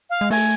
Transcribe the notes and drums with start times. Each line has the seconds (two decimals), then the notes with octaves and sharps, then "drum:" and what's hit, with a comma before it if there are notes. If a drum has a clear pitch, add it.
0.10 F5
0.21 G#3
0.31 A3 G#5, drum: open hi-hat